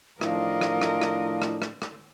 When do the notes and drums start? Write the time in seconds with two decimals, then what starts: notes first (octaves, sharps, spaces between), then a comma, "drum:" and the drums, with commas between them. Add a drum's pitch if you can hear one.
0.21 A2 D#3 F3 D4 A#4 D#5 F5, drum: rim click
0.61 drum: rim click
0.81 drum: rim click
1.02 drum: rim click
1.42 drum: rim click
1.62 drum: rim click
1.82 drum: rim click